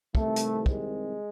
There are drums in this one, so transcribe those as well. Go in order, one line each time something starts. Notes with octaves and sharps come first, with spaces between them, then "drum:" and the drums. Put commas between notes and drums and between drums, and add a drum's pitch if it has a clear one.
C2 C3 D#3 A3, drum: kick
drum: hi-hat
G#3, drum: kick